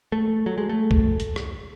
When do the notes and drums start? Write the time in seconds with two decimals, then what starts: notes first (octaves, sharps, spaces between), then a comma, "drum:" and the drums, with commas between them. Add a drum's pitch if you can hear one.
0.12 A3
0.46 F#3
0.58 G#3
0.69 A3
0.91 drum: kick C2
1.20 drum: hi-hat
1.36 drum: rim click